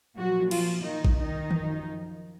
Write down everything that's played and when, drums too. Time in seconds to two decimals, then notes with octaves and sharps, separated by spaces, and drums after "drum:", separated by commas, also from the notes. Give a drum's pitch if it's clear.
0.17 A#2 F3 F#3 F#4
0.51 F3 F4, drum: cymbal
0.84 D#3 D#4
1.05 drum: kick A1
1.18 D#3 D#4
1.50 F#2 F3, drum: tom D#3